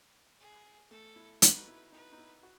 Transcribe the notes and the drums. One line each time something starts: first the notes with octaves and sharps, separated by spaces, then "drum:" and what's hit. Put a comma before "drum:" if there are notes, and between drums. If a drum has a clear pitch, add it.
G#4
A3 A4
E4
F#4 B4, drum: hi-hat
D#4
E4
D#4 B4
D#4
E4
F#4